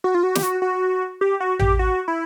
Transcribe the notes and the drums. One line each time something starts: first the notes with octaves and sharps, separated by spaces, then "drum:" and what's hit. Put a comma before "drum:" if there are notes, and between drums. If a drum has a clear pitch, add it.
F#4
F4
F#4
G4, drum: snare
F#4
F#4
G4
F#4
G4, drum: tom A1
F#4
E4